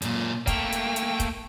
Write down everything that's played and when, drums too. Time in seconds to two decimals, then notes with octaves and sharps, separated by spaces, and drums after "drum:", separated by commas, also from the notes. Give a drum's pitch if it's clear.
0.02 F#2 A#2, drum: hi-hat
0.47 A3 A#3 G5, drum: kick, hi-hat
0.72 drum: hi-hat
0.96 drum: hi-hat
1.20 drum: kick, hi-hat